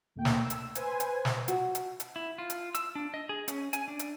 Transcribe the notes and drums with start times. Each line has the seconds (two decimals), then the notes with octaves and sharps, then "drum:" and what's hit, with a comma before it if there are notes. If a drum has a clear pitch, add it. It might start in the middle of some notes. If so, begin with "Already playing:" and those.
0.16 D2 A2 A3 A#3 G5
0.25 drum: snare
0.39 E6
0.50 drum: hi-hat
0.75 B4 C5 G#5, drum: hi-hat
1.00 drum: hi-hat
1.25 drum: snare
1.48 F#4, drum: hi-hat
1.75 drum: hi-hat
2.00 drum: hi-hat
2.16 E4
2.38 F4
2.50 drum: hi-hat
2.75 E6, drum: hi-hat
2.95 D4
3.14 D#5
3.29 G#4
3.48 C#4, drum: hi-hat
3.73 G#5, drum: hi-hat
3.88 D4
3.99 drum: hi-hat